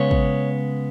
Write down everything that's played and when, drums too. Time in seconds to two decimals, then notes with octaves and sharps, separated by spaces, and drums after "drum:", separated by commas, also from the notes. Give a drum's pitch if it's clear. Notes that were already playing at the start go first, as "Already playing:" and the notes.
Already playing: C#3 G#3 B3 C#5
0.11 drum: kick